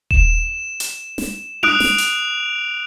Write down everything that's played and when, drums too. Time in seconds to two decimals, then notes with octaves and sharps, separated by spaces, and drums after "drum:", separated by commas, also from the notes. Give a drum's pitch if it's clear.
0.11 E7, drum: kick D#1
0.80 drum: hi-hat
1.18 drum: snare
1.63 D#6 F#6 D7 F7, drum: tom D4
1.80 drum: snare
1.98 drum: hi-hat